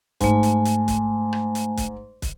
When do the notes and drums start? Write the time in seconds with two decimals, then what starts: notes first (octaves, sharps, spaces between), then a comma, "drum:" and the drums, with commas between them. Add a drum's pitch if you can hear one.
0.21 G#2 A3 G#5, drum: kick, hi-hat
0.43 drum: hi-hat
0.65 drum: hi-hat
0.88 drum: kick, hi-hat
1.33 drum: rim click
1.55 drum: hi-hat
1.77 drum: kick, hi-hat
2.22 drum: kick, hi-hat